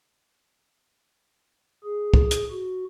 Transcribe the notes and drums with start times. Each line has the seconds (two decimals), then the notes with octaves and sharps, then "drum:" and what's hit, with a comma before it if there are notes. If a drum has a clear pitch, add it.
1.84 G#4
2.14 drum: kick
2.31 drum: hi-hat
2.51 F#4